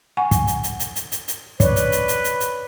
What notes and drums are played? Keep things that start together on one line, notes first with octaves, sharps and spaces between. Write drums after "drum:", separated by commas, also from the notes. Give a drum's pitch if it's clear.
F#5 G#5 C#6
drum: kick, hi-hat
drum: hi-hat
drum: hi-hat
drum: hi-hat
drum: hi-hat
drum: hi-hat
drum: hi-hat
B4 C#5 D5, drum: kick, hi-hat
drum: hi-hat
drum: hi-hat
drum: hi-hat
drum: hi-hat
drum: hi-hat